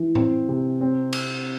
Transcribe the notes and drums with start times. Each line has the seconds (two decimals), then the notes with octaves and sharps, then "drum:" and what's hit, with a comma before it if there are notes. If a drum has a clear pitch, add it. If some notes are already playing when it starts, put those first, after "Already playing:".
Already playing: E3
0.15 C4, drum: tom A2
0.49 C3
0.81 C4
1.13 drum: cymbal